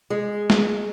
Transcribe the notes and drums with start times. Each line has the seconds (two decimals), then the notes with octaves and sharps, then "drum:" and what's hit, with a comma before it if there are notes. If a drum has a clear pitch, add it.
0.10 G#3
0.50 drum: snare